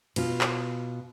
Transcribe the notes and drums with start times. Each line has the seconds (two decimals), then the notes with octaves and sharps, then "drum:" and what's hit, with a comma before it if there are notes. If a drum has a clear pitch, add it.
0.16 B2 F4, drum: cymbal
0.41 drum: clap